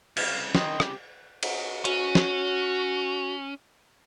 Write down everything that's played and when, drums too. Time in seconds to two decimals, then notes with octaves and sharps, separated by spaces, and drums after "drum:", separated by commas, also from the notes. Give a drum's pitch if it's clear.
0.17 C2 C#3 F5, drum: cymbal
0.55 D#3 D#5 G5 C6, drum: snare
0.80 G4, drum: rim click
1.43 drum: cymbal
1.85 C#4 F#4, drum: hi-hat
2.15 drum: snare